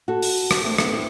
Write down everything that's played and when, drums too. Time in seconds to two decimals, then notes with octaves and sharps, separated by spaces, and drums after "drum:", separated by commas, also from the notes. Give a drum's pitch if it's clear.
0.08 F#4 A4
0.22 drum: open hi-hat
0.51 drum: rim click
0.64 A3 C4
0.78 B3 D#4, drum: rim click
0.92 C4 E4